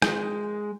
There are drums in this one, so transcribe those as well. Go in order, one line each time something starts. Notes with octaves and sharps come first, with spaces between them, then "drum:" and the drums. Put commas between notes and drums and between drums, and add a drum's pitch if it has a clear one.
G#3, drum: rim click